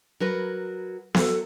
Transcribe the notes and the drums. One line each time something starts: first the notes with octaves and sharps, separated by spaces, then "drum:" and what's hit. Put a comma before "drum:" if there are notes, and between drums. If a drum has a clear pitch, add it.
F#3 A#4 B4
F#3 A4, drum: snare B3